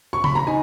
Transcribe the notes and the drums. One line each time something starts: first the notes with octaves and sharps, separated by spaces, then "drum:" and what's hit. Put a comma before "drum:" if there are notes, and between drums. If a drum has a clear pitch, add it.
C#6
B5, drum: tom C#3
A#5
D#4 G#5